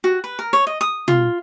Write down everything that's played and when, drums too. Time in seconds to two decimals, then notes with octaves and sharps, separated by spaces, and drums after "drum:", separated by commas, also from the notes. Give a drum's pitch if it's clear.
0.04 F#4
0.24 B4
0.39 A#4
0.53 C#5
0.67 D#5
0.81 D#6
1.08 F4, drum: tom